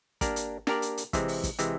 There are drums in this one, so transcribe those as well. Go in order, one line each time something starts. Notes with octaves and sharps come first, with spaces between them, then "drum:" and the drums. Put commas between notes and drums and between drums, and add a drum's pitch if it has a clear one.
A#3 D4 G4 A#4 D5, drum: kick, hi-hat
drum: hi-hat
A#3 D4 G4 A#4 D5, drum: snare
drum: hi-hat
drum: hi-hat
C3 E3 G#3 C4, drum: kick, hi-hat
drum: open hi-hat
drum: kick, hi-hat
C3 E3 G#3 C4, drum: hi-hat